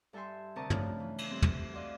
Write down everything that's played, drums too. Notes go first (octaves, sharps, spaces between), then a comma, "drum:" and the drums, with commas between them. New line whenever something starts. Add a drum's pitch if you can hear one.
G2 A4 E5 G5 G#5 C6
D2 C3 A#4 A5 C#6 D#6
C#3 F3 A3 D4 F6, drum: tom
E3
drum: cymbal
G2 C4
drum: tom
F#4 C5 D5 D#5 F5